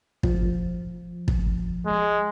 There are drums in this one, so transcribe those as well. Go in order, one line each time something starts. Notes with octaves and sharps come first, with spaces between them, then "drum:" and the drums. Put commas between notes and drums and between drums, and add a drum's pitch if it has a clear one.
F3, drum: kick
drum: kick
G#3